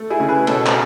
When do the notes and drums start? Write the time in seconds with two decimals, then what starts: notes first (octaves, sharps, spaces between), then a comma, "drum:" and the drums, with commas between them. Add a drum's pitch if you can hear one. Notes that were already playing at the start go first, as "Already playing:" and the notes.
Already playing: A3
0.10 E4 G#4
0.20 C#3
0.29 G#4 B4
0.47 B2 A4 C#5, drum: cymbal
0.66 drum: clap